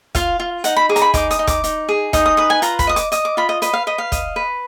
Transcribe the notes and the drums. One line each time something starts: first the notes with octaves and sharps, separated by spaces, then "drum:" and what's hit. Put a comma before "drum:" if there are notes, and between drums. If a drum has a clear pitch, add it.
F4 F5, drum: kick, hi-hat
F4
D#4 F#5, drum: hi-hat
B5
G#4 D6
A#5, drum: hi-hat
B5
D#4 D6, drum: kick, hi-hat
D#6, drum: hi-hat
D#4
D6, drum: kick, hi-hat
D#4, drum: hi-hat
G#4
D#4 D#6, drum: kick, hi-hat
D#6
B4 D#6
G#5
F4 A#5, drum: hi-hat
B5, drum: kick, hi-hat
D#5 D#6
D6, drum: hi-hat
D#5 D#6, drum: hi-hat
D6
F4 B5
D#5
B4 D#5, drum: hi-hat
F5
B4 D#5
F5
D#5, drum: kick, hi-hat
B4